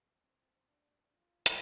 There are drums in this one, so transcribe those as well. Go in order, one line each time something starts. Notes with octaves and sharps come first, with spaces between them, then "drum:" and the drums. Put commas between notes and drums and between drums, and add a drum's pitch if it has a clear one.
C4
D4
F4
drum: hi-hat